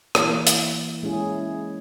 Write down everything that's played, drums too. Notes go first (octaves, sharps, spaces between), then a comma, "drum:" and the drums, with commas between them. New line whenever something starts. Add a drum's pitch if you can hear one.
E3 A#3 E4, drum: rim click
drum: hi-hat
G#3 C#4 E4 G#4